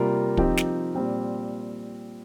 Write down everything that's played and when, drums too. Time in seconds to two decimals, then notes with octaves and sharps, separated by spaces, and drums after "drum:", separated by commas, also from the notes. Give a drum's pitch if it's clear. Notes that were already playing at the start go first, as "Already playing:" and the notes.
Already playing: C3 G3 A#3 F4 A#4
0.37 F3 C4 D#4 G4, drum: kick
0.57 drum: snare
0.94 A#2 G3 C4 F4